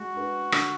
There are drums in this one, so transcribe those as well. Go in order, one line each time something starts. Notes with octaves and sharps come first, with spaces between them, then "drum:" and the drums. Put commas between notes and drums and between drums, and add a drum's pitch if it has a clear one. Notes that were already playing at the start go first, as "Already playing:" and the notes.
Already playing: G#3 F#4
D4 G#4 B4
D3, drum: rim click